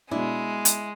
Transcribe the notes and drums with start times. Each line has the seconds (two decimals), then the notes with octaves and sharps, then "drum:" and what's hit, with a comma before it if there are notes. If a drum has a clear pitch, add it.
0.11 B2 G#3 D4 E4
0.65 drum: hi-hat